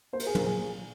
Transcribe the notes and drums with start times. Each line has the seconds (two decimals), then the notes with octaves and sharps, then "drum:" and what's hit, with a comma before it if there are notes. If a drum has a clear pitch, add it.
0.13 A#3 C5
0.20 A#4, drum: cymbal
0.27 G#4
0.35 A#2 A#4, drum: tom
0.46 G#4
0.58 A#2